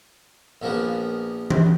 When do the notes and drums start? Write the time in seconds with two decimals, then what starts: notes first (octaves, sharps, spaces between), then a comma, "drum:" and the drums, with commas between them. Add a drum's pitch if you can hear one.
0.62 A#1 F3 A#3 B3
1.50 drum: tom E3